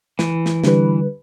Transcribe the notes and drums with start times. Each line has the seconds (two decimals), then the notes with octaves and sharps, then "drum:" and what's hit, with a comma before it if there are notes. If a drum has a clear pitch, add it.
0.19 E3, drum: snare
0.46 drum: snare
0.64 D3 G3 B4, drum: snare